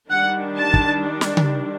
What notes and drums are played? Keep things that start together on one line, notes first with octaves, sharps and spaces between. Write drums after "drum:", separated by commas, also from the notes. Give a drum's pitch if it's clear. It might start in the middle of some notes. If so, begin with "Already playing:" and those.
D#3 G3 D4 F#5
A5
drum: kick
drum: snare
drum: tom C#3